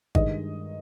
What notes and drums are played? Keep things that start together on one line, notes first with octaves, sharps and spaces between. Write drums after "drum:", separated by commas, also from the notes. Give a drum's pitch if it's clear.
G2 D#3 G#3 D#5, drum: kick G#1